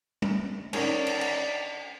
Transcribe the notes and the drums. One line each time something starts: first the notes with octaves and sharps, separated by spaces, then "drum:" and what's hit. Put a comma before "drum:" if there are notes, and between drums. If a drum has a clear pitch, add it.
drum: tom
D3 D#3 C#4 D5, drum: cymbal
drum: cymbal
drum: cymbal